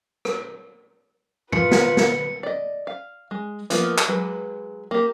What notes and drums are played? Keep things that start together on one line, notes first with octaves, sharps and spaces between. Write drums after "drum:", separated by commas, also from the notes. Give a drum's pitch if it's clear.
drum: rim click
F4 B4 C#7, drum: tom G2
drum: snare
drum: snare
D5 D#5
F5
G#3
F3 A#3 B3 F4, drum: hi-hat
drum: clap
F#3 G#3 B4
A#3 G4